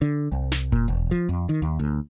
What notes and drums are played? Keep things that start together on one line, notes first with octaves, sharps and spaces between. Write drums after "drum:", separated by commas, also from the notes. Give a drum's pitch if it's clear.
D3
C2
drum: snare
A#2, drum: kick F1
E1
F3
F2
D#3
D#2
D2